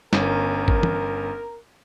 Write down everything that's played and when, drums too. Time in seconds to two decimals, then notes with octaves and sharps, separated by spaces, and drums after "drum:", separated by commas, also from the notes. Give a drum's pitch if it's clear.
0.13 G1 C#4 A#4, drum: snare
0.68 drum: kick
0.83 drum: tom